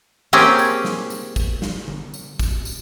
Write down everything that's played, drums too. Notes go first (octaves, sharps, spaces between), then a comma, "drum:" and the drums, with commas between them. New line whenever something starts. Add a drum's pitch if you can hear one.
A#3 C4 C#4 G4 G#4 G5
drum: tambourine
drum: snare
drum: tambourine
drum: kick, tambourine
drum: snare
drum: tom D3
drum: tambourine
drum: kick, tambourine
drum: tambourine